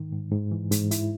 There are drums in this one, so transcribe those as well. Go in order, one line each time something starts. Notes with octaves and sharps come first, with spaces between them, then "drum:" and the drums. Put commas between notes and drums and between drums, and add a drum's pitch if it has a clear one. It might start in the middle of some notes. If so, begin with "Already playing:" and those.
Already playing: G#2 D#3
G#2
G#2
E3
G#2, drum: hi-hat
E4, drum: hi-hat